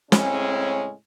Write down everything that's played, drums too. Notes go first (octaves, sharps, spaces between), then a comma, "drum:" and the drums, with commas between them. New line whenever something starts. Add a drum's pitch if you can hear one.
A2 C#3 G#3 C4 C#4, drum: snare